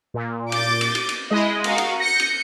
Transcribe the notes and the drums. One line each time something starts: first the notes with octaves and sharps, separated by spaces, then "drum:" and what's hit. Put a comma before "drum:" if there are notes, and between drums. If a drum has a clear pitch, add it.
A#2
D6 G6 A6, drum: cymbal
drum: cymbal
drum: cymbal
drum: cymbal
G#3 E4 D#5
F#4 A#4 F5, drum: cymbal
drum: cymbal
G6 A#6 C#7
drum: cymbal